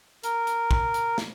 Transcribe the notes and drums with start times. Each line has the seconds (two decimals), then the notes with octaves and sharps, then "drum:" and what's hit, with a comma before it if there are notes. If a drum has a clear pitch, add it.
0.23 A#4, drum: hi-hat
0.47 drum: hi-hat
0.71 drum: kick
0.94 drum: hi-hat
1.18 drum: snare